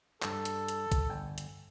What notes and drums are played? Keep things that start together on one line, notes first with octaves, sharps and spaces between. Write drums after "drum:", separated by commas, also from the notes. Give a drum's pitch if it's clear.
G2 A4 A#5, drum: clap
drum: hi-hat
drum: hi-hat
drum: kick, hi-hat
G1 G5 G#5
drum: hi-hat